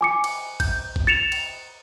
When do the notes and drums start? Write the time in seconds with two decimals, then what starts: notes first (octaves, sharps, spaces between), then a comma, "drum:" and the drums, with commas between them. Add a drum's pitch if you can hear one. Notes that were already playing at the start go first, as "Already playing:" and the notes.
0.01 G#5 D6 C#7
0.24 drum: cymbal
0.60 G6, drum: kick, cymbal
0.96 drum: kick
1.07 A6 C#7 E7 F7
1.32 drum: cymbal